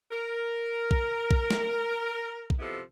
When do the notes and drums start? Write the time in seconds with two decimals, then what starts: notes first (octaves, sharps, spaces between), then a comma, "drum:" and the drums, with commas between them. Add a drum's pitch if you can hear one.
0.11 A#4
0.91 drum: kick
1.31 drum: kick
1.51 drum: snare
2.50 drum: kick
2.59 C3 F3 G#3 B3 E4 A4